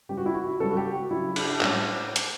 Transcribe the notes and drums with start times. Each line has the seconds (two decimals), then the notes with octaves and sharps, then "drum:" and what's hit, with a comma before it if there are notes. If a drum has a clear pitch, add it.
0.09 C#3 G3 G4
0.17 F#4
0.26 E4
0.34 F#4
0.60 C#3 G3 A4
0.71 F#4
0.77 G4
0.94 F#4
1.11 C#3 F#3 E4
1.36 D4, drum: cymbal
1.61 A2 G3 C#4, drum: clap
2.16 drum: hi-hat